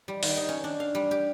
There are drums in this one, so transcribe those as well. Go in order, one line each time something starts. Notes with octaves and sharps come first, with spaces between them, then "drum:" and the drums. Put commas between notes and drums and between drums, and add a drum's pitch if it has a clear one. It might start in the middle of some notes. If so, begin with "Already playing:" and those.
G3
D#3, drum: open hi-hat
D#4
C#4
D4
F5
G3
G4